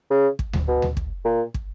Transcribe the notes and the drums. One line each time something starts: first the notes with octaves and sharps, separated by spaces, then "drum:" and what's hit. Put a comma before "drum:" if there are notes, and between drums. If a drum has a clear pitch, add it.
C#3
drum: kick
drum: tom D2
B2
drum: tom D2
drum: kick
A#2
drum: kick